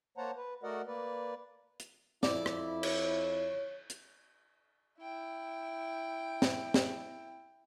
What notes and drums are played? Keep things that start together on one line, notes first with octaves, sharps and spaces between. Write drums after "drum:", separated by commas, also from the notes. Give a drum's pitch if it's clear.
A#3 C5 C#5 F#5 A5 A#5
B4
A3 F#4 A#4 D5 D#5 F#5
A#3 B4 D5
drum: hi-hat
F2 E4 D5, drum: snare
drum: rim click
C#5, drum: cymbal
drum: hi-hat
E4 G5
drum: snare
drum: snare